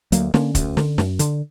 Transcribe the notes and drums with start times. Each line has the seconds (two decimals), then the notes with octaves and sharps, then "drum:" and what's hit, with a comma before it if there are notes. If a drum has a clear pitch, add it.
0.12 D2 F#3 A#3, drum: hi-hat
0.34 D3 A#3 C#4, drum: snare
0.55 D2, drum: kick, hi-hat
0.77 D3, drum: snare
0.98 F#2, drum: snare
1.19 D3, drum: hi-hat